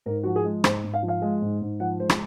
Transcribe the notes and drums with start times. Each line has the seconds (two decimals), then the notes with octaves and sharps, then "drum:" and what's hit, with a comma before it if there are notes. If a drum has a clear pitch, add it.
0.06 G#2 A#4
0.23 F3 F#4
0.36 G#4
0.44 G#3
0.64 G#2 C5, drum: rim click
0.84 G#2
0.94 F5
1.03 F3
1.08 F5
1.22 G#3
1.42 G#2
1.61 G#2
1.80 F3 F#5
1.99 G#3 C5
2.09 drum: rim click